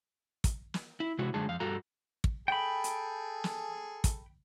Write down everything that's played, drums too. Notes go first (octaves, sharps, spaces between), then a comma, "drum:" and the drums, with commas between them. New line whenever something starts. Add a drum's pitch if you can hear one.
drum: kick, hi-hat
drum: snare
E4
C3 G#3 E4 F#4
F#2 D3 G#3 G#4 A5
F2 F5
G2 G3 F#4 A4 A#5
drum: kick
G#4 A4 G5 B5
drum: hi-hat
drum: snare
drum: kick, hi-hat